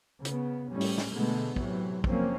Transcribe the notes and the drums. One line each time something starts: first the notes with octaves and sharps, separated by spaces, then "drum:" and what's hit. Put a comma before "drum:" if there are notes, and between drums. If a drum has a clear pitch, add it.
C#3 B3, drum: hi-hat
A2 G3 C#4
drum: open hi-hat
drum: snare
B2 D3 G#3 A3 B3
A2 C3 E3 F#3, drum: kick
F#1 F3 F#3 A#3 C4 C#4, drum: kick